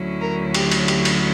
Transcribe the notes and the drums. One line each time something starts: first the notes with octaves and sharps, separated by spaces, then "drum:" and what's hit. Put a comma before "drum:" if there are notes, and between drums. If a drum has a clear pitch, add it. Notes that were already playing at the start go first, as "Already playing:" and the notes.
Already playing: D2 D3 F#3 C#4 E4
A#4
G4, drum: cymbal
drum: cymbal
G4, drum: cymbal
drum: cymbal